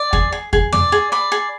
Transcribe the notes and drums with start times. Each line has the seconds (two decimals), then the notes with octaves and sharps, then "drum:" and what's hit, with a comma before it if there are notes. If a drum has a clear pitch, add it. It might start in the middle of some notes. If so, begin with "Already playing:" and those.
Already playing: D5
0.13 G#4, drum: kick E2
0.32 G#4
0.53 G#4, drum: kick E2
0.72 D5, drum: tom
0.92 G#4
1.12 D5 B5
1.32 G#4